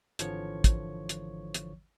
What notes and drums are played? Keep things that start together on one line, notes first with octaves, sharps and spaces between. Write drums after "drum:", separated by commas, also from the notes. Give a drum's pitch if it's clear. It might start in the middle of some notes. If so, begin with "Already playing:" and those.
G#1 D3 E3 F3 C#5 C#6, drum: hi-hat
drum: kick, hi-hat
drum: hi-hat
drum: hi-hat